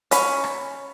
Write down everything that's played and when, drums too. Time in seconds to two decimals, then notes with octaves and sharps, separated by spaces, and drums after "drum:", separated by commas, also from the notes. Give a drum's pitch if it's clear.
0.11 C#4 B5, drum: hi-hat
0.44 drum: rim click